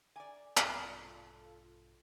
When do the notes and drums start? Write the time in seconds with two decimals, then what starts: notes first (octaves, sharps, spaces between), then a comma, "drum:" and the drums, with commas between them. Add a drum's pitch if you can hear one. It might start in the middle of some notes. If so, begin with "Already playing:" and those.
0.16 D5 E5 G#5 A#5 D6
0.57 A#1 G2 B2 F4 A4, drum: clap